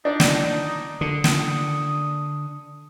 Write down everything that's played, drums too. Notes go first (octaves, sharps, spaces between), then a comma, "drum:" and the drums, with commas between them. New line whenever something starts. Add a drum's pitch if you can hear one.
D4 D#4 D5
drum: snare
D3 D#6
drum: snare